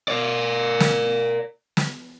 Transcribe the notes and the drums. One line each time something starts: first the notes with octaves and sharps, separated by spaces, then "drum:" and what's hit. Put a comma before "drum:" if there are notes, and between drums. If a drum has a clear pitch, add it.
A#4 D5
drum: snare
drum: snare